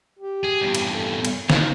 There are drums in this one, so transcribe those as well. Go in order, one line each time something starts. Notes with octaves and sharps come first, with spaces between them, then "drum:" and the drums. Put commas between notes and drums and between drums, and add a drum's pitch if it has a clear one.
G4
G#4
E2 G2
drum: cymbal
A4
drum: cymbal
C4 F5 A#5, drum: snare